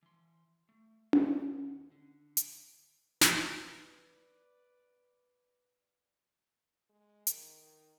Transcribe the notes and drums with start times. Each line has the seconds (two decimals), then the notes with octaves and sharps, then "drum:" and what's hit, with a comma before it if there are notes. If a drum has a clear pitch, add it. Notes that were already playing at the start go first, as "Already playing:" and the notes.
0.03 E3 C6
0.69 A3
1.13 D#2 F#5, drum: tom C#4
1.91 D3
2.37 drum: hi-hat
3.21 B4 D5, drum: snare
6.90 G#3
7.27 D#3, drum: hi-hat
7.62 D#3